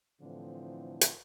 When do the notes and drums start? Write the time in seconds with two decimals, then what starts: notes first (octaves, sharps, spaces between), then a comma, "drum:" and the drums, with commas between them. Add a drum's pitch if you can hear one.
0.20 A2 D3 E3 F3 C4
1.01 drum: hi-hat